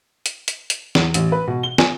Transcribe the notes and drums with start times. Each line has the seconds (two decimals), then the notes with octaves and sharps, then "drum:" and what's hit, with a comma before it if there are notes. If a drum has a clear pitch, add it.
0.26 drum: hi-hat
0.48 drum: hi-hat
0.70 drum: hi-hat
0.95 E2, drum: snare
1.14 A1, drum: hi-hat
1.32 B4
1.47 B2
1.63 G7
1.78 G#5, drum: snare